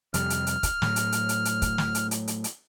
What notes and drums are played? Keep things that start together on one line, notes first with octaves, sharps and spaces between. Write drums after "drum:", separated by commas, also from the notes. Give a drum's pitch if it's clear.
F2 C3 G3 F6, drum: hi-hat
drum: hi-hat
drum: hi-hat
drum: kick, hi-hat
A2 F#3, drum: snare
drum: hi-hat
drum: hi-hat
drum: hi-hat
drum: hi-hat
drum: kick, hi-hat
drum: snare
drum: hi-hat
drum: hi-hat
drum: hi-hat
drum: hi-hat